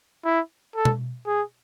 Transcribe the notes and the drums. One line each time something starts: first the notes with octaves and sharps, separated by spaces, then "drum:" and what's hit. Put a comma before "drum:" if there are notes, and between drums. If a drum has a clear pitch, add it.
E4
A4
drum: tom B2
G#4